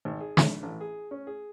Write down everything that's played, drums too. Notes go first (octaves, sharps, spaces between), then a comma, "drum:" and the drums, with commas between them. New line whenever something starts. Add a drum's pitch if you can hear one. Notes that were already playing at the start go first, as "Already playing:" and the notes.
G#1
G#4
A#1, drum: snare
A1
G#4
C#4
G#4